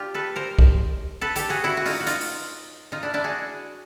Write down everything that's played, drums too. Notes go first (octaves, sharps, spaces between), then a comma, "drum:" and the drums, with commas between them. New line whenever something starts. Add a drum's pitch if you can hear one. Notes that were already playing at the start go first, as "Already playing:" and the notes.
Already playing: D4 F4 G4
A4 B4
A#4 C5
drum: kick
A4 B4
G4 A4, drum: hi-hat
F#4 G#4
E4 F#4
F#4
D#4 F4, drum: open hi-hat
F#4
D#4 F4, drum: hi-hat
drum: open hi-hat
D#4 F4
D4 E4
D4 E4
F#4 G#4